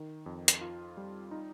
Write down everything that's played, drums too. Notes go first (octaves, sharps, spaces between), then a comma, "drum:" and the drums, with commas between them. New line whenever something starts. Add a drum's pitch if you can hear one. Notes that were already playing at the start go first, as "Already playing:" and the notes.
Already playing: D#3
F2
drum: hi-hat
F4
G3
D#4